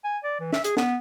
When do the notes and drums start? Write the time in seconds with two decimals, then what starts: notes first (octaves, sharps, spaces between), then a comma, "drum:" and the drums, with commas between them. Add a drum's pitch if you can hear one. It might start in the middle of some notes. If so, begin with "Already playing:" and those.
0.04 G#5
0.24 D5
0.40 E3
0.52 E5, drum: snare
0.64 G#4, drum: hi-hat
0.77 B3, drum: snare